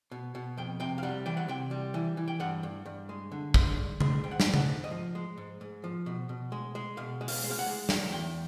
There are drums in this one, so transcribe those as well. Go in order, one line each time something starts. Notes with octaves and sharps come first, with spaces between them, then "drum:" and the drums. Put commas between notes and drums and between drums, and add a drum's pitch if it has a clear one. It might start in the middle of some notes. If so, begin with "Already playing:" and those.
B2
B2
F2 G5
C3 G5
F5
G3 F#5
E3 G5
F#5
C3 G5
G3
E3
E3
G5
G2 F#5
G2
G2
G#3
D3
G#3, drum: kick
G2
G#3, drum: tom C#3
G#2 G5
F#5
G5, drum: snare
G#2
F#5, drum: tom C#3
G#2
D#5
F3
G#3
G#2
G#2
F3
B2
B2
G#3
G#3
B2 F5
G#3
F5, drum: open hi-hat
G#3
F5
F#5
G#3
F#3 G5, drum: snare
E2 G5